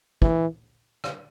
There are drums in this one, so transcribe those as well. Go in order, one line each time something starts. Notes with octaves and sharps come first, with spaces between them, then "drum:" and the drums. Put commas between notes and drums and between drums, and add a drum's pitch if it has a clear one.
E3, drum: kick
drum: rim click